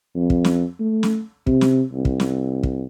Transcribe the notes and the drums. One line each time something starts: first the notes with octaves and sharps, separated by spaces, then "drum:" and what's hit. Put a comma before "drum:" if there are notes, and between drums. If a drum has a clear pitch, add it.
F2
drum: kick
drum: snare
A3
drum: snare
C3, drum: kick
drum: snare
C2
drum: kick
drum: snare
drum: kick